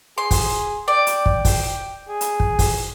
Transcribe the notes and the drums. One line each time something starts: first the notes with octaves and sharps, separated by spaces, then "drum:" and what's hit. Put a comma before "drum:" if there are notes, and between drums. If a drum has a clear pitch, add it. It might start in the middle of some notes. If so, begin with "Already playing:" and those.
G#4 C6
drum: kick, open hi-hat
D5 G5
drum: hi-hat
drum: kick
drum: kick, open hi-hat
G#4
drum: hi-hat
drum: kick
drum: kick, open hi-hat